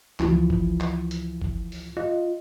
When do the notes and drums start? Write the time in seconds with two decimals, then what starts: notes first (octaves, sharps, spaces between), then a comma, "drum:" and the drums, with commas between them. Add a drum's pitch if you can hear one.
0.20 C#2 E3 F3, drum: clap
0.50 drum: kick G1
0.81 drum: clap
1.11 drum: hi-hat
1.42 drum: kick G1
1.72 drum: open hi-hat
1.97 F4 D#5